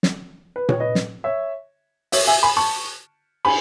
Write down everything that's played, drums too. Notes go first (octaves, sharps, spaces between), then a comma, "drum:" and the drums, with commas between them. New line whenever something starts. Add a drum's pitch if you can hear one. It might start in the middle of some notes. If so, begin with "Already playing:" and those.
drum: snare
B4
C#5, drum: tom A#2
B4 D#5
drum: snare
C#5 E5
C#5 E5, drum: open hi-hat
E5 G#5
G#5 B5
A5 C#6
G#5 B5, drum: cymbal